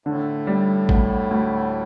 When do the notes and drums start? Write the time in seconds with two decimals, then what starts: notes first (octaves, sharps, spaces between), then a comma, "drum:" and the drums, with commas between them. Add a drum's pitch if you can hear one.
0.06 A2 D3
0.47 G3
0.89 D2, drum: kick G#1
1.31 D2